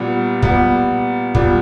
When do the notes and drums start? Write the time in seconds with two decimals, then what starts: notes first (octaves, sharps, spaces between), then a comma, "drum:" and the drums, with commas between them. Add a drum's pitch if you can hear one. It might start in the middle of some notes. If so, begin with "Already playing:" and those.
Already playing: A#2 G3 B3
0.42 A#2 G3 B3, drum: kick
1.35 A#2 G3 B3, drum: kick